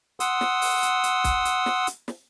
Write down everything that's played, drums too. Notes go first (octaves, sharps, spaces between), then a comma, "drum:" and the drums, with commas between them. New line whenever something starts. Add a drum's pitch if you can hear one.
F#5 C6 D#6 E6, drum: hi-hat
drum: snare
drum: open hi-hat
drum: hi-hat
drum: hi-hat
drum: kick, hi-hat
drum: hi-hat
drum: snare
drum: hi-hat
drum: snare